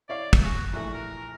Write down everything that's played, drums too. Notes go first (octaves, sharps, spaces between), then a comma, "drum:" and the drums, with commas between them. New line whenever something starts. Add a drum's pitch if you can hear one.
E4 C#5 D5 F5
drum: kick
F#4 G#4
A#1 E2 A3 F#4
A#4